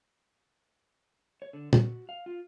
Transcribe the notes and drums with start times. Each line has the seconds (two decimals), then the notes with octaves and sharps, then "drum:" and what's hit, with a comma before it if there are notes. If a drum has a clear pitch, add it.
1.42 C#5
1.53 D3
1.73 F#4, drum: tom
2.09 F5
2.26 F4